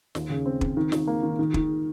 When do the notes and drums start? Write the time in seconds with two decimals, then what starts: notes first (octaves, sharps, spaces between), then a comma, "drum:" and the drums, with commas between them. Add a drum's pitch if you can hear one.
0.15 D#2, drum: snare
0.30 C#3
0.46 C4
0.61 C4, drum: kick
0.77 D#3
0.92 D#3, drum: snare
1.07 A#3
1.23 D#3
1.39 D#3
1.54 D#3, drum: kick